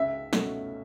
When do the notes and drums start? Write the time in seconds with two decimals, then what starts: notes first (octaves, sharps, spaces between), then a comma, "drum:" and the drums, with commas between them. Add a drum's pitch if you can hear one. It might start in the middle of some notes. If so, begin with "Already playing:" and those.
Already playing: C#2 E5
0.33 B2 A3 C#4, drum: snare